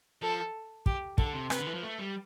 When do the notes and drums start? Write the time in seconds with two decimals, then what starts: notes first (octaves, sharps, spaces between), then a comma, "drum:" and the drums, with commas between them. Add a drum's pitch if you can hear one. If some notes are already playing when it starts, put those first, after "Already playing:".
0.22 F3 A4
0.86 G4, drum: kick
1.18 D3 A4, drum: kick
1.34 C3
1.50 C3 B4, drum: rim click
1.58 D3
1.66 E3
1.74 F3
1.82 A3
1.99 G3